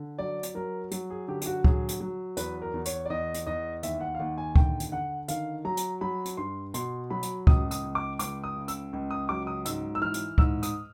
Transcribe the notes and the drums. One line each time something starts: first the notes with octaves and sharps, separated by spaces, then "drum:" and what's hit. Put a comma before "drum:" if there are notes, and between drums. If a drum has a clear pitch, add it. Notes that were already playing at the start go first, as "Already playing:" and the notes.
Already playing: D3
F#3 D5
drum: hi-hat
F#3 A#4
F#3, drum: hi-hat
G#4
D3 G4
G4, drum: hi-hat
F#4
F#3 G#4, drum: kick C#2
drum: hi-hat
F#3
E2 B4, drum: hi-hat
A#4
E2
C#5, drum: hi-hat
D5
E2 D#5
drum: hi-hat
E2 D#5
D#2 E5, drum: hi-hat
F#5
F5
D#2 F#5
G#5
D3 G5, drum: kick C#2
drum: hi-hat
D3 F#5
D#3 F5, drum: hi-hat
F#3 A#5
drum: hi-hat
F#3 B5
drum: hi-hat
G2 C6
B2 C6, drum: hi-hat
F#3 B5
drum: hi-hat
C#2 D#6, drum: kick C#2
D#6, drum: hi-hat
C#2
D6
C#2 D6, drum: hi-hat
D#6
C#3
E6, drum: hi-hat
C#2
D#6
F#3 D6
D#6
G#2 E6, drum: hi-hat
E6
E3 F6
drum: hi-hat
G#2 E6, drum: kick C#2
D#6, drum: hi-hat